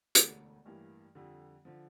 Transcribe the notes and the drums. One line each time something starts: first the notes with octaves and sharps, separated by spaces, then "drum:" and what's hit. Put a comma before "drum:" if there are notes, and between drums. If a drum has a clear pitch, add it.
E1 D2 D3 A3, drum: hi-hat
A1 G2 E3 A#3
F2 D3 G3
D3 F3